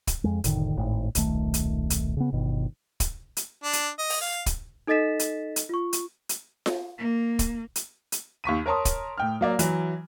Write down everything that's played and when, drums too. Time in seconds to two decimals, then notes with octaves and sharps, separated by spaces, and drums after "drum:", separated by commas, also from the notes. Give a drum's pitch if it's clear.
0.07 drum: kick, hi-hat
0.24 F2 G#3
0.44 F1 A2 D3 D#3, drum: hi-hat
0.77 G#1 A2
1.15 D#1 B1 D#3 A3, drum: hi-hat
1.54 drum: hi-hat
1.90 drum: hi-hat
2.17 C#3 B3
2.32 G1 B2 D#3
3.00 drum: kick, hi-hat
3.37 drum: hi-hat
3.63 D4
3.73 drum: hi-hat
3.99 D#5
4.10 drum: open hi-hat
4.21 F5
4.46 drum: kick, hi-hat
4.87 D#4 A4 D#5 A6 B6 E7
5.19 drum: hi-hat
5.56 drum: hi-hat
5.69 F4 C#6
5.93 drum: hi-hat
6.29 drum: hi-hat
6.66 drum: snare F4
6.98 A#3
7.39 drum: kick, hi-hat
7.76 drum: hi-hat
8.12 drum: hi-hat
8.44 D#2 C#6 B6 D#7
8.66 A#4 C#5 A5 C6 D#6
8.85 drum: kick, hi-hat
9.18 A2 G5 F6
9.41 F#3 A#3 D5
9.59 E3 F#3, drum: hi-hat